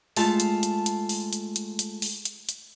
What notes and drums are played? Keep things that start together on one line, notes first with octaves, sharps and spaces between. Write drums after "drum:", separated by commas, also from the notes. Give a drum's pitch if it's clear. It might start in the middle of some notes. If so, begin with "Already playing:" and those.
G#3 A3 F4 A5, drum: open hi-hat
drum: hi-hat
drum: hi-hat
drum: hi-hat
drum: open hi-hat
drum: hi-hat
drum: hi-hat
drum: hi-hat
drum: open hi-hat
drum: hi-hat
drum: hi-hat